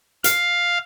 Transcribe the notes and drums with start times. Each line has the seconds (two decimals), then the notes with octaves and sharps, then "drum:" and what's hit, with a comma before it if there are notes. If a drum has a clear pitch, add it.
0.24 F5, drum: hi-hat